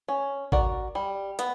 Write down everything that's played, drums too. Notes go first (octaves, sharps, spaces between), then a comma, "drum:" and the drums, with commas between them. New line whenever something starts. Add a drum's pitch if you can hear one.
C#4
F#4 A#4 D5, drum: kick G#1
G3
B3, drum: hi-hat